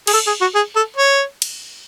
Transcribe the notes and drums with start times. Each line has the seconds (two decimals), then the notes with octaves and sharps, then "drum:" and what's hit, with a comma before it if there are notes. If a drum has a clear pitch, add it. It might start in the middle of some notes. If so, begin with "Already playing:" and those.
0.07 G#4, drum: cymbal
0.13 A4
0.27 G#4
0.41 F#4
0.55 G#4
0.76 A4
0.97 C#5
1.42 drum: cymbal